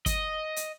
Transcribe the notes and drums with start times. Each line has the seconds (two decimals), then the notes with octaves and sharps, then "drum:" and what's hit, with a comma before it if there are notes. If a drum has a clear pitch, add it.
0.06 D#5, drum: kick, hi-hat
0.56 drum: hi-hat